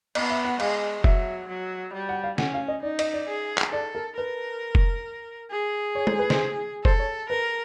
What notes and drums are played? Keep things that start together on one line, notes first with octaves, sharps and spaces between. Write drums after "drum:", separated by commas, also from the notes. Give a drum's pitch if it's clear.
B3 D#5, drum: cymbal
E5
F#5
G#3 F5, drum: cymbal
F#3 E5, drum: kick F1
F#3
G3
F#5
F5
C#4 F#5, drum: snare
F5
D#5
D#4 D5
D#5, drum: cymbal
D5
G#4
drum: clap
A4 D5
A#4
A#4 B4
drum: kick F1
G#4
C#5
C5, drum: tom G#3
B4
C5, drum: snare
A4 C5, drum: kick F1
C#5
A#4 B4